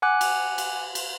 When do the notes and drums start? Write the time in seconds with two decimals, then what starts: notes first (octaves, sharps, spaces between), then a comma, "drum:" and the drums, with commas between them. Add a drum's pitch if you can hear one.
0.02 F#5 G#5 D6 F#6
0.21 drum: cymbal
0.58 drum: cymbal
0.95 drum: cymbal